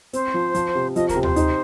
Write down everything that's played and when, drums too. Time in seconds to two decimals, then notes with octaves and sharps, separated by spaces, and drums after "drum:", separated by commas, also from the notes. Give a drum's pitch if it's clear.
0.13 C4 C5, drum: hi-hat
0.34 F3
0.55 F3, drum: hi-hat
0.75 C3
0.96 F3 D#5, drum: hi-hat
1.09 A#4, drum: kick D2, hi-hat
1.16 C3
1.23 C5, drum: tom D#2
1.36 D#4, drum: hi-hat